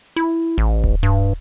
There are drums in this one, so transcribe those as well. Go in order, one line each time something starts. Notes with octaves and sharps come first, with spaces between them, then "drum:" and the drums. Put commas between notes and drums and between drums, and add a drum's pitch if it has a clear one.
E4
A1
drum: kick D1
G2